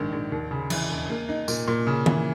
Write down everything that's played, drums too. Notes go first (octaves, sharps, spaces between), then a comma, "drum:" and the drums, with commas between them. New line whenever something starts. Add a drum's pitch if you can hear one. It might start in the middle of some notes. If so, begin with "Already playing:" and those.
Already playing: A#1 G#2 D#3
A#1
D#2
C#3
E3, drum: cymbal
E1
A#3
D#4
A#2, drum: tambourine
A#2
C#3
E3, drum: tom